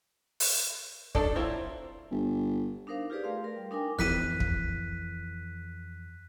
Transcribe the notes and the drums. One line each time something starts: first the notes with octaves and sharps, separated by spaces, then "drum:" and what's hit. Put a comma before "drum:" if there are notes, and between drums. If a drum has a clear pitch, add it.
drum: open hi-hat
F#3 D4 D#4 A4 D5, drum: kick
F#3 C4 E4 F4 C5
G1
D4 D#4 A#4 C5 F5
F4 G4 G#4 B4 D5
A3 F5 C6
A#4
G3
D4 D#4 A#4 G5 G#5 D6
F2 E3 F#6 B6 D#7, drum: snare
drum: kick